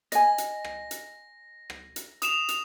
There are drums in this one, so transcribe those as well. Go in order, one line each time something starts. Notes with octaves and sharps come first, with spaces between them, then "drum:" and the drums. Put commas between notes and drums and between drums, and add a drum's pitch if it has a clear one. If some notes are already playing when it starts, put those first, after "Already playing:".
D#5 G#5 A#6, drum: hi-hat
drum: hi-hat
drum: rim click
drum: hi-hat
drum: rim click
drum: hi-hat
D#6 E7 F7, drum: hi-hat
drum: hi-hat